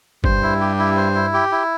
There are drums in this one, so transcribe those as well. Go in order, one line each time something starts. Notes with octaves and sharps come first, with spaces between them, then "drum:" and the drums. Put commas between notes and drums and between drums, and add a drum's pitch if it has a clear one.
G2 C5, drum: kick
E4
G4
E4
C5
E4
G4
E4